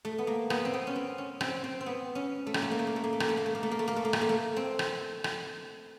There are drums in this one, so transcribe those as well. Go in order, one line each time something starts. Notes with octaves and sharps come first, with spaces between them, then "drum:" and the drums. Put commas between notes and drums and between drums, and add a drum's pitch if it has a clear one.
A3
B3
A#3
B3, drum: rim click
C4
B3
C#4
C4
C#4
C4, drum: rim click
C4
C4
B3
C#4
A3
A#3, drum: rim click
A3
A#3
A3
A#3
A3
A#3
A3
A#3, drum: rim click
A3
A#3
A3
A#3
A3
A#3
A3
A#3
A3
A#3
A3, drum: rim click
A#3
A3
C4
drum: rim click
drum: rim click